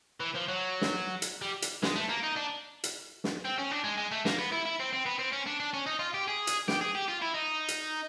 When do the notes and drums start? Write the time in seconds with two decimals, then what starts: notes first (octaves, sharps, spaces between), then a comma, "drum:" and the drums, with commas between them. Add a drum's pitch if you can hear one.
0.20 E3
0.35 F3
0.48 F#3
0.81 drum: snare
1.22 drum: hi-hat
1.42 G3
1.62 drum: hi-hat
1.83 G#3, drum: snare
1.96 A3
2.09 A#3
2.24 D#4
2.37 D4
2.84 drum: hi-hat
3.24 drum: snare
3.45 C4
3.58 C#4
3.71 D4
3.84 G#3
3.97 G#3
4.11 A3
4.25 A#3, drum: snare
4.39 B3
4.52 E4
4.65 E4
4.79 C4
4.93 C4
5.06 B3
5.19 C4
5.32 C#4
5.46 D4
5.60 D4
5.74 C#4
5.87 D#4
5.99 F4
6.14 G4
6.28 G#4
6.47 drum: hi-hat
6.68 G4, drum: snare
6.81 G#4
6.95 G4
7.08 F4
7.22 E4
7.35 D#4
7.68 drum: hi-hat